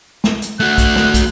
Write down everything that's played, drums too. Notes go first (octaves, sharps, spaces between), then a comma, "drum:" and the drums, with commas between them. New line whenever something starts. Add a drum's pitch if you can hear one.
drum: snare
drum: hi-hat
A3 F#4 F#6
drum: kick, hi-hat
drum: snare
drum: kick, hi-hat